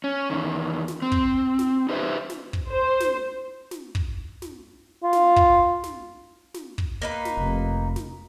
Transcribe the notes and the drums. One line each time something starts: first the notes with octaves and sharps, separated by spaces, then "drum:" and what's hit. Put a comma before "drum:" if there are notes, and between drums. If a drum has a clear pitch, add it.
C#4
E2 D#3
drum: snare
C4
drum: kick
drum: snare
D#4 G4 B4 C5 E5
drum: snare
drum: kick
C5
drum: snare
drum: snare
drum: kick
drum: snare
F4
drum: snare
drum: kick
drum: snare
drum: snare
drum: kick
A#3 D#4 B4
drum: snare
F1
drum: snare